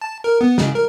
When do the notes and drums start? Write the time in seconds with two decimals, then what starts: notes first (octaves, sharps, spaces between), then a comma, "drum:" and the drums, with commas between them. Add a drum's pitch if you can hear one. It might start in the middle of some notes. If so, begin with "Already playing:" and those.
0.02 A5
0.24 A#4
0.41 B3
0.58 C#3, drum: snare
0.75 A#4